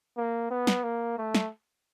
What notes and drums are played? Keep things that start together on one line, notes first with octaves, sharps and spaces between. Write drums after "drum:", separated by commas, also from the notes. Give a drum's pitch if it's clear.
A#3
B3
drum: snare
A#3
A3
drum: snare